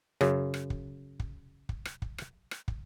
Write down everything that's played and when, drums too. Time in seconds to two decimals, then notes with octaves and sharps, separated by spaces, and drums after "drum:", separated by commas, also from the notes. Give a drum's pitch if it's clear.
0.21 F#2 C#3, drum: rim click
0.54 drum: rim click
0.70 drum: kick
1.20 drum: kick
1.69 drum: kick
1.85 drum: rim click
2.02 drum: kick
2.18 drum: rim click
2.51 drum: rim click
2.68 drum: kick